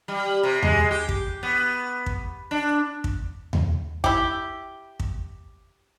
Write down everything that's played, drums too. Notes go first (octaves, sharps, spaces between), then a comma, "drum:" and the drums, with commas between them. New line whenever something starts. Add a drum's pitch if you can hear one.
G3
C3
G#3, drum: tom D#2
G4
drum: kick
B3
drum: kick
D4
drum: kick
drum: tom D#2
E4 G4, drum: kick
drum: kick